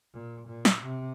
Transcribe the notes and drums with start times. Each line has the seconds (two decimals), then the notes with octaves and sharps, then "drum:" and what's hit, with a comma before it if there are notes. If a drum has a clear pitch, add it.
0.14 A#2
0.48 A#2
0.65 drum: snare
0.82 C3